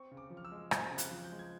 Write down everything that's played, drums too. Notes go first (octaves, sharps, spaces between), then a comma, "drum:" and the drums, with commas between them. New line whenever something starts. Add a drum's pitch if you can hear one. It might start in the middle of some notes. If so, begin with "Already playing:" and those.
Already playing: C4 C#6
C#3
D6
F3
F6
E6
G#3
C4, drum: rim click
C#3
F#6, drum: hi-hat
F3
G6
G#3
G#6